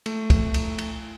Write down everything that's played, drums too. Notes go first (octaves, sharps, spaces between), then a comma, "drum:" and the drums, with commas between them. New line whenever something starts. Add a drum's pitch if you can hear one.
A3, drum: cymbal
drum: kick, cymbal
drum: cymbal
drum: cymbal